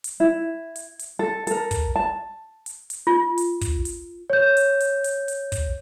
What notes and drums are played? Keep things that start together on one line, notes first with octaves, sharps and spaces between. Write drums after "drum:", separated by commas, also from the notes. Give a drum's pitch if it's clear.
drum: hi-hat
E4
drum: hi-hat
drum: hi-hat
A4
A4 A#4, drum: hi-hat
drum: kick, hi-hat
A5
drum: hi-hat
drum: hi-hat
F4
drum: hi-hat
drum: kick, hi-hat
drum: hi-hat
C#5 G6
drum: hi-hat
drum: hi-hat
drum: hi-hat
drum: hi-hat
drum: kick, hi-hat